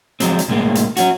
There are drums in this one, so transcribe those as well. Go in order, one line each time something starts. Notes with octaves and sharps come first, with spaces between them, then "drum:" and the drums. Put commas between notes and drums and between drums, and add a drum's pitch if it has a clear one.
F3 F#3 G#3 C4, drum: hi-hat
drum: hi-hat
C2 A2 G#3 A#3
drum: hi-hat
F#3 C#4 F#4, drum: hi-hat